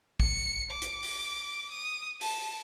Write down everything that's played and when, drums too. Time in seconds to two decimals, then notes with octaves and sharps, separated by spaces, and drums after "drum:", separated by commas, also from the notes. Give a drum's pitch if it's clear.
0.20 C#7, drum: kick
0.71 D6
0.82 drum: hi-hat
1.02 drum: open hi-hat
1.72 D#6
2.21 A5, drum: open hi-hat